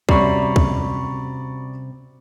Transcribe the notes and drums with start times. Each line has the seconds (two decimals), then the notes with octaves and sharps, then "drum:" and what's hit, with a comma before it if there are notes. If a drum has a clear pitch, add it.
0.09 C3 G3 C#4 F#4 D5 A#5 B5 C#6, drum: kick
0.56 drum: kick